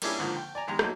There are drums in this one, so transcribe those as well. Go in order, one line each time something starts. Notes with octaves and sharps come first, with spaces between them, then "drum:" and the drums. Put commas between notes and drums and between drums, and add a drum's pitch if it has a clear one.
G3 A#3 C#4 D4 E4 G#4, drum: cymbal
C#2 G#2 D3 D#3 F3 A#3
G5
D5 G#5 A#5
E2 D#3 G#3 G4 A#5
F#3 A3 A#3 D#4, drum: rim click